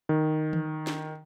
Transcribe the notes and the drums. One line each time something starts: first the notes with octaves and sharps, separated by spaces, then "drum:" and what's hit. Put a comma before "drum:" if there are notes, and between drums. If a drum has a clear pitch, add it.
D#3
drum: tom D#3
drum: snare